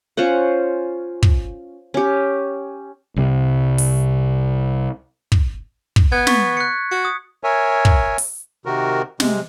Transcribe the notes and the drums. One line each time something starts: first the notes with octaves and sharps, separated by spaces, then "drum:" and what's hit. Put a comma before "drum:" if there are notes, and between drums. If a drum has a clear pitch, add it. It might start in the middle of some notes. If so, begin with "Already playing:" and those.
C#4 F4 C5 F#5
drum: kick
C#4 G4
C2 C3
drum: open hi-hat
drum: kick
drum: kick
B3 F#6 G#6
C#6 A6 B6, drum: snare
F#6 C#7
F#4 C#7
D#6
A#4 C#5 E5 G#5
drum: kick
drum: open hi-hat
C3 D#3 F#4 A#4
C3 G#3, drum: snare